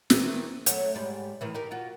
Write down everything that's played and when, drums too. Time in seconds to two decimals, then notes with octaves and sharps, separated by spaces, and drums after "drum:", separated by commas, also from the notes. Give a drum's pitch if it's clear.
0.10 D#3 E3 C4, drum: snare
0.66 F#3 A3, drum: hi-hat
0.95 G#2 G3
1.41 A2 D#3 E3
1.54 D#4 G4 A#4
1.71 F4 F#4